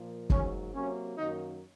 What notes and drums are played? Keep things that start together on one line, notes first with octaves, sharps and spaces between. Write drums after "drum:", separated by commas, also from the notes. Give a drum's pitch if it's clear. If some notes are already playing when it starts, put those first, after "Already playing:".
Already playing: A#2 F3 A#3
G#2 F#3 A#3 C#4, drum: kick
C3 F#3 A#3 C#4
F#2 D#3 F#3 A#3 D#4